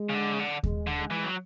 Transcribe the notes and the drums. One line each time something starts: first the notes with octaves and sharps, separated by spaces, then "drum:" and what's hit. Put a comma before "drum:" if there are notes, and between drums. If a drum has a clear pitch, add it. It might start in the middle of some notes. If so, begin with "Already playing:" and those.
Already playing: G#3
C#3
D3
C#3
D3
G#3, drum: kick D#2
D3
G#3
E3
F#3